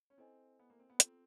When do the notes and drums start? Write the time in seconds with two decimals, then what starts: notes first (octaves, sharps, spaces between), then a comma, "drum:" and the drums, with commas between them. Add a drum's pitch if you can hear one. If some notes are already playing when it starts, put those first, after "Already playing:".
0.10 C#4
0.18 C4 E4 A4 C5 D#5 G#5
0.59 B3
0.70 A#3
0.79 C4
0.90 B3
1.00 C4 F4 A4 C5, drum: hi-hat